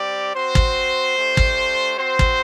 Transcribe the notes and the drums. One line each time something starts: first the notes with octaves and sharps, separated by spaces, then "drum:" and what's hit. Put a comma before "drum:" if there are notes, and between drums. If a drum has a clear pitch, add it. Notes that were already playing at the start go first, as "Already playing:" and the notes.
Already playing: G3 C4 G4 D5
C4 F#4 C5
drum: kick
A3 D4 G4
drum: kick
C4 F#4 C5
drum: kick